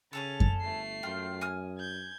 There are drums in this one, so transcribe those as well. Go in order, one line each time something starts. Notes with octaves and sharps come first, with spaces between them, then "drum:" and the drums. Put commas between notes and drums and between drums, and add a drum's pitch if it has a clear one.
C#3 C#4 G#4 A4 A6 F7
drum: kick F#2
G1 A3 C7
F#2 F4 G5 F6
G#5 D#6 F6
G6 G#6